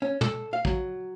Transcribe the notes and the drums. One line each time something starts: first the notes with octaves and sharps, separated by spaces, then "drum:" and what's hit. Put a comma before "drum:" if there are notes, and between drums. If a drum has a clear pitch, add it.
C#4
A4, drum: tom
F5
F#3, drum: kick